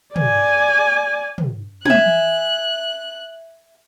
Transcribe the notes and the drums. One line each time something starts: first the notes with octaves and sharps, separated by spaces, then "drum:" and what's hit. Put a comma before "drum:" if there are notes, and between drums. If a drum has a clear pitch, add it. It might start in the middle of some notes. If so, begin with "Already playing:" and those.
D5 G#5, drum: tom
drum: tom
E5 G#5 F#6, drum: tom